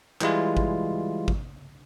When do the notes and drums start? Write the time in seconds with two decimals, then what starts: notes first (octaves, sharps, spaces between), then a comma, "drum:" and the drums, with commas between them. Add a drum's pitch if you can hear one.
0.21 E3 G3 G#3 E4 F4, drum: clap
0.57 drum: kick G#1
1.28 drum: kick G#1